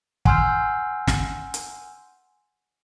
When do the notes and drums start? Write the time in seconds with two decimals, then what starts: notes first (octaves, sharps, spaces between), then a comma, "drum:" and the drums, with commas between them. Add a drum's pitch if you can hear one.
0.25 F#5 G#5 C6 E6 F6 G6, drum: kick
1.07 drum: snare
1.54 drum: hi-hat